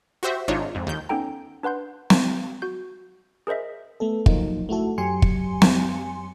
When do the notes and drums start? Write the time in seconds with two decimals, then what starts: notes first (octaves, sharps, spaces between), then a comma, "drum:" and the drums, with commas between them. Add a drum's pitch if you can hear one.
0.23 F#4 G4 C5 E5
0.48 G#1 D4 D#4 F4 C#5
0.75 F2 G#2
0.87 D#2 G6
1.09 B3 C#4 D#4 A4 G5 A#5
1.63 D4 B4 F#5 C6 G6
2.10 drum: snare
2.62 F#4 G6
3.47 G#4 A#4 C5 D#5 E5
4.00 A3 B3 A4
4.26 F3 F#3 A#3 D#4 F4, drum: kick
4.69 A3 E4 F#4 A4
4.98 F#2 F#3 G4 G#5 C6 C#7
5.22 drum: kick
5.62 drum: snare